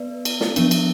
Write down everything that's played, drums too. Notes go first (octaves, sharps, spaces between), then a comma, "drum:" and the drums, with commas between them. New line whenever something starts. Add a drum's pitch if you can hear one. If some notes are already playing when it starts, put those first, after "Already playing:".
Already playing: B3 B4 D5
drum: cymbal
drum: snare
F3 B3 D4, drum: cymbal
drum: cymbal